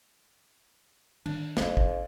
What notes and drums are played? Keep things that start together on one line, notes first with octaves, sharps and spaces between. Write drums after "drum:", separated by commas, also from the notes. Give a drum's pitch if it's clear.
D#3 D4, drum: cymbal
F2 A#3 D#4, drum: snare
drum: kick